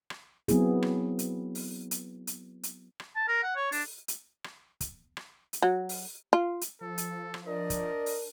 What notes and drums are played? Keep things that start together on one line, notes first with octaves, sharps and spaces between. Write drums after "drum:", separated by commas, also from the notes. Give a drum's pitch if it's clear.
drum: rim click
F#3 B3 C4 E4 G#4, drum: kick, hi-hat
drum: rim click
drum: hi-hat
drum: open hi-hat
drum: hi-hat
drum: hi-hat
drum: hi-hat
drum: rim click
A5
A#4
F#5
C#5
D4, drum: open hi-hat
drum: hi-hat
drum: rim click
drum: kick, hi-hat
drum: rim click
drum: hi-hat
F#3
drum: open hi-hat
F4
drum: hi-hat
F3 A4
drum: hi-hat
drum: rim click
D4 A#4 D5 D#5
drum: kick, hi-hat
drum: open hi-hat